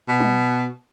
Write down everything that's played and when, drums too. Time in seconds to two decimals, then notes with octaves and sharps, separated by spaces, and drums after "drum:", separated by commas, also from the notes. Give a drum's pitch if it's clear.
0.08 B2
0.20 drum: tom F#3